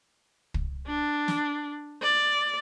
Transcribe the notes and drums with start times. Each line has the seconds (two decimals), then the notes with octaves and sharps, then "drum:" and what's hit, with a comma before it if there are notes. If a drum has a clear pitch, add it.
0.54 drum: kick
0.87 D4
1.28 drum: snare
2.02 D5